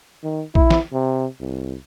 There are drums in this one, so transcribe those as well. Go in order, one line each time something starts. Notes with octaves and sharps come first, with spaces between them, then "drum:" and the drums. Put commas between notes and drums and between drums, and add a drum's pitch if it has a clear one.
D#3
E4, drum: kick
drum: snare
C3
C2